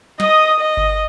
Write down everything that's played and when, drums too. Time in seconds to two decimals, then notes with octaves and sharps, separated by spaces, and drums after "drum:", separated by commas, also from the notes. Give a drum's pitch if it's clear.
0.20 D#5 D#6, drum: snare
0.60 D#5
0.77 drum: kick G1